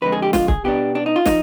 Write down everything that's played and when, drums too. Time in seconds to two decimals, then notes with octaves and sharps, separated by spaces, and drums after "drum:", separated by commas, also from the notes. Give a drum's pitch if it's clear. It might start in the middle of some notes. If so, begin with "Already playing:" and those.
0.02 F2 D3 G#3 B4
0.12 G#4
0.22 G4
0.33 F4, drum: snare
0.48 G#4, drum: kick
0.64 B2 B3 D4 G4
0.95 D4
1.06 D#4
1.16 F4
1.26 F3 D#4, drum: snare